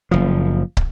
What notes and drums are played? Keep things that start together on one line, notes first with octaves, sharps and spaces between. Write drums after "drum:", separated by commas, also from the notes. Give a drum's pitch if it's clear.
F#1 F3
drum: kick